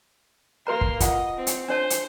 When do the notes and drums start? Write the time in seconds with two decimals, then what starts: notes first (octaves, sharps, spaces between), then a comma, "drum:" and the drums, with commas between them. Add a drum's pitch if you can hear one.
0.67 A#3 F#4 B4 A#5 C6
0.81 drum: kick
1.00 F4 D#5 F#5, drum: kick, hi-hat
1.37 C4
1.47 drum: hi-hat
1.68 D4 C5 C#5 A5
1.90 drum: hi-hat